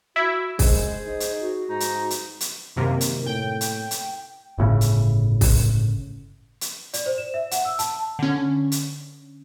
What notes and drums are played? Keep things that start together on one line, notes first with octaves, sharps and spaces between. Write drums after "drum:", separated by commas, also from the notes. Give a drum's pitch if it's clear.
E4 F#4
G#3 G#4 C5, drum: kick, open hi-hat
D#4
drum: hi-hat
F#4
G#2 D#4
drum: hi-hat
drum: hi-hat
drum: hi-hat
F#2 C3 D#3 A#3
drum: hi-hat
A2 G5
drum: hi-hat
drum: hi-hat
G1 A2 C#3
drum: hi-hat
drum: kick, open hi-hat
drum: hi-hat
D5, drum: hi-hat
C5
E7
E5
F#5, drum: hi-hat
E6
A5, drum: hi-hat
D3 C#4
drum: hi-hat